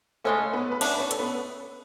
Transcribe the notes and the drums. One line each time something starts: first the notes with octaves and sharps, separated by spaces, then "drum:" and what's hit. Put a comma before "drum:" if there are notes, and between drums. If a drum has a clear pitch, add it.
C#3 G#3 A3 C#4 A4
B3 B4
B4
B2 A3 C#4 D4 C#5, drum: cymbal
B4
C#4 C#5
A4, drum: hi-hat
B3 B4